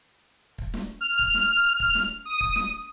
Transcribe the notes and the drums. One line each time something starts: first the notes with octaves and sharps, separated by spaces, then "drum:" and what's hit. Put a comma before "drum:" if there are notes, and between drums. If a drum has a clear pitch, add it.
drum: kick
drum: snare
F6
drum: kick
drum: snare
drum: kick
drum: snare
D#6
drum: kick
drum: snare